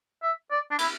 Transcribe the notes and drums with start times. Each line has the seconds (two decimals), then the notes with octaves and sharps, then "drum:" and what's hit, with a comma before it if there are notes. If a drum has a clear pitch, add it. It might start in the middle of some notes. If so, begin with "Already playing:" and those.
0.23 E5
0.51 D5
0.71 D4
0.79 E4, drum: cymbal